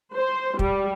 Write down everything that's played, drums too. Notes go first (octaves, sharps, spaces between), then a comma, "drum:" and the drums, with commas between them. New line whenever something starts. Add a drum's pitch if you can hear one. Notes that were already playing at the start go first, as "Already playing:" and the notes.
C5
G3, drum: kick